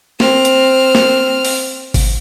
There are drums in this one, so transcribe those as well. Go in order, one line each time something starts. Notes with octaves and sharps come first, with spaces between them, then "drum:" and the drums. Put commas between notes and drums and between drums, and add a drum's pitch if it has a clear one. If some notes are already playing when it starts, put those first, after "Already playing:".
C4 F6, drum: snare
drum: hi-hat
drum: snare
drum: open hi-hat
drum: kick G1, open hi-hat